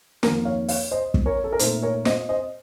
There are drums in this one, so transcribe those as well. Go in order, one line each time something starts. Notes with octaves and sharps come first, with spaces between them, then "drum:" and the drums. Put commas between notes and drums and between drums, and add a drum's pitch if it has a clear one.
F2 D#3 A#3 D#4 A#4, drum: snare
C#5 F5
C#5 F5, drum: open hi-hat
C5 D#5
drum: kick
A#4 C#5
A4
A#4
A#2 A3 D#4 A4 C5, drum: hi-hat
A#4 C#5
C5 D#5, drum: snare
C5 D#5